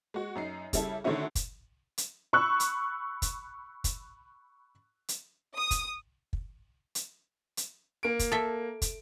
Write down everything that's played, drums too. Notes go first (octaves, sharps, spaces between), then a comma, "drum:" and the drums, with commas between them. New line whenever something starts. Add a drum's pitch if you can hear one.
G#3 F#4
F#2 D#4 C7
C#3 G3 E4 A4, drum: kick, hi-hat
D3 D#3 A3 C#4 E4 F#4
drum: kick, hi-hat
drum: hi-hat
B5 C#6 E6 F#6
drum: hi-hat
drum: kick, hi-hat
drum: kick, hi-hat
drum: hi-hat
D#6
drum: kick, hi-hat
drum: kick
drum: hi-hat
drum: hi-hat
A#3 D7
drum: kick, hi-hat
A4 E5
drum: kick, hi-hat